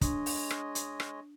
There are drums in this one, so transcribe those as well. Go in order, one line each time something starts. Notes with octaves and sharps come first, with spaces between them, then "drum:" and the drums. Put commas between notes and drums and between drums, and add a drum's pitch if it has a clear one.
G#3 D4 C#5 D#5, drum: kick, hi-hat
drum: open hi-hat
drum: rim click
drum: hi-hat
drum: rim click